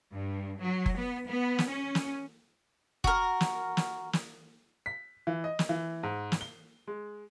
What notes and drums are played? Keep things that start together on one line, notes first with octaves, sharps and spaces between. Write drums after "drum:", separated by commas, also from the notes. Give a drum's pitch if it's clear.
G2
F#3
drum: kick F#1
B3
B3
drum: snare
C#4
drum: snare
F#4 A#4, drum: kick F#1
drum: snare
drum: snare
drum: snare
B6
E3
D#5
drum: snare
E3
G#2
drum: snare
G7
G#3